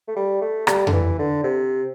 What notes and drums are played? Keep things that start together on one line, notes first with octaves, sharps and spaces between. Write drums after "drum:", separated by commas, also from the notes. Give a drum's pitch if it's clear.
A3
G3
A3
G3, drum: rim click
D3, drum: tom F2
E3
D3
C3